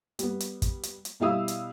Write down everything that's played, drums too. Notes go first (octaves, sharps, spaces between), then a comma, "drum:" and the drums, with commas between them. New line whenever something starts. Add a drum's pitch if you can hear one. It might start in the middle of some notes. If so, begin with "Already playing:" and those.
G3 B3, drum: hi-hat
drum: hi-hat
drum: kick, hi-hat
drum: hi-hat
drum: hi-hat
B2 G3 E4 F5 D#6 E6
drum: hi-hat